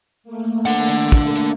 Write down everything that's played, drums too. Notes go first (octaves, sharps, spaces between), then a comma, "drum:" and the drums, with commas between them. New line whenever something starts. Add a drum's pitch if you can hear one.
A3 A#3
D4 F#5, drum: open hi-hat
drum: hi-hat
drum: kick, hi-hat
drum: hi-hat